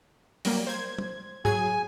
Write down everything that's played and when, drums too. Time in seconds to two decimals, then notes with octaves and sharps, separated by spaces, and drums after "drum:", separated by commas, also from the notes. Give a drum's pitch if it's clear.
0.45 F#3 G3 A#3, drum: open hi-hat
0.67 C5 G#6
0.98 drum: tom
1.45 F#3 G#4 G#5 G#6, drum: tom G#2